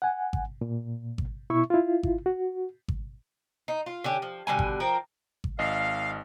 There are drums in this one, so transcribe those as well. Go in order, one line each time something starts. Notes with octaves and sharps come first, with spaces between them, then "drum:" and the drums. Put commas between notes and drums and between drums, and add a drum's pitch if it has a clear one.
F#5 G#5
drum: kick G#1
A#2
drum: kick G#1
B2 E4 E5 C#6
E4 F4
drum: kick G#1
F#4
drum: kick G#1
D#4
F4
D3 C#4 G4
F3
B2 D3 G3 G#5
drum: kick G#1
F3 A#4 G5
drum: kick G#1
G#1 D#5 F5